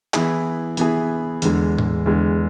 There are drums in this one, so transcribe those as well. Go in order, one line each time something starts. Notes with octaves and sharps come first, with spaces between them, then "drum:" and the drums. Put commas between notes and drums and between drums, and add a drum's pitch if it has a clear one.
E3 B3 E4 G#4, drum: clap
E3 B3 E4 G#4, drum: hi-hat
E2 D3 G#3, drum: hi-hat
drum: tom A2
E2 D3 G#3